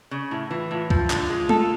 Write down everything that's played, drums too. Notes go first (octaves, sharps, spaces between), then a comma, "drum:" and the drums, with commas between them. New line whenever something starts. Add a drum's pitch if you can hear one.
C#3
A2 E4
E3 F4
A2 F4
F3 F4, drum: kick C#2
D3, drum: clap
G#3
A4, drum: tom G#3